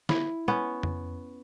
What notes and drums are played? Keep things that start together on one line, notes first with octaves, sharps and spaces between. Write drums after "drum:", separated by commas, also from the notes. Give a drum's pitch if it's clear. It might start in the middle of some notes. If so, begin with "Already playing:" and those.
E4, drum: snare
B3 C#4
drum: tom F2